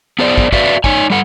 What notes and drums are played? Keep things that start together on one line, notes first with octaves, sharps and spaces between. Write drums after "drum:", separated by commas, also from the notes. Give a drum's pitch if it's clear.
B3 G#4 C5 D5
drum: kick
F#4 B4 D5 E5 F5, drum: kick
D#4 C#5 G#5, drum: kick
G3 A4 F#5